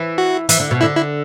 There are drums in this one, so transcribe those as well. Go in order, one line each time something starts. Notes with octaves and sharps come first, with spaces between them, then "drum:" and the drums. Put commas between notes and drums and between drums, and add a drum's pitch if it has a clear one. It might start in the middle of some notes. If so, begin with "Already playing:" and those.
Already playing: E3
F#4
E3, drum: hi-hat
D3
B2
D3 E4
E4